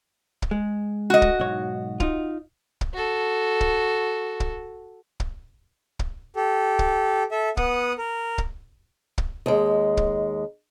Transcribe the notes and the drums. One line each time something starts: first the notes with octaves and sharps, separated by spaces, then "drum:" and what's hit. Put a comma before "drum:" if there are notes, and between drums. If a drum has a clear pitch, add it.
drum: kick
G#3
F#4 D#5
drum: kick
B1 G#2 C#5
D#4 F4, drum: kick
drum: kick
F#4 A4
drum: kick
drum: kick
drum: kick
drum: kick
G4 A4
drum: kick
A4 E5
B3 F#5 D#6, drum: kick
A#4
drum: kick
drum: kick
D#2 G#3
drum: kick